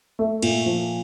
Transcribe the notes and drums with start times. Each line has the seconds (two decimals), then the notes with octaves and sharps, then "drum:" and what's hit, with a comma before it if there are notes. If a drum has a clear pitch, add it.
0.19 A3
0.42 A#2, drum: cymbal
0.66 F3